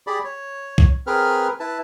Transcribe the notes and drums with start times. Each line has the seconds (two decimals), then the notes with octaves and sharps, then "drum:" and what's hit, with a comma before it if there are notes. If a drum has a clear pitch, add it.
0.07 G4 G#4 D5 B5
0.24 C#5
0.78 drum: kick B1
1.07 C4 G#4 A#4 B4 F6
1.60 E4 B4 A5